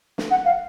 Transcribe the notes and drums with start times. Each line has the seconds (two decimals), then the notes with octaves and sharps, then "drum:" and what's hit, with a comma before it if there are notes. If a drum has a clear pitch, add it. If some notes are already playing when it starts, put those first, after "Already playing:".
0.18 drum: snare
0.31 F#5
0.45 F5